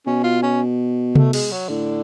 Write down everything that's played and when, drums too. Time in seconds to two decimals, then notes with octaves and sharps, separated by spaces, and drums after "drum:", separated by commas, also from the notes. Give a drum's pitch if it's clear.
0.06 B2 C#4
0.24 F4
0.42 C#4
1.15 A3, drum: tom C3
1.33 G#3, drum: cymbal
1.52 F#3
1.69 A2 D3